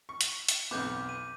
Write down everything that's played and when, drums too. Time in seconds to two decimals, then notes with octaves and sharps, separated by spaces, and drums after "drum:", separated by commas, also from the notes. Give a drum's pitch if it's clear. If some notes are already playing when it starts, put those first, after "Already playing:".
0.09 C#6
0.21 drum: hi-hat
0.48 drum: hi-hat
0.71 B1 F2 B3 D6 G6
1.09 D#7